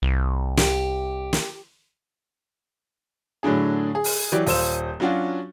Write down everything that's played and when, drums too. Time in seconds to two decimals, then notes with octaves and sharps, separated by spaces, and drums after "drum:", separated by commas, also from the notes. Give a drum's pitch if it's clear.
0.02 C2
0.57 G4, drum: snare
1.33 drum: snare
3.43 A2 D3 F#3 D4 G#4
3.95 G#4
4.04 drum: open hi-hat
4.32 E3 F#3 G4 D5
4.46 D#1 F4 C5 E6 E7, drum: open hi-hat
5.00 F#3 C#4 D4 F4 F#4